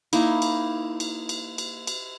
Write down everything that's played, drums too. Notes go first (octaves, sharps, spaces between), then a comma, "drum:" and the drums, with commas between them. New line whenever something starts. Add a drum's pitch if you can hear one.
A#3 D#4 E4, drum: cymbal
drum: cymbal
drum: cymbal
drum: cymbal
drum: cymbal
drum: cymbal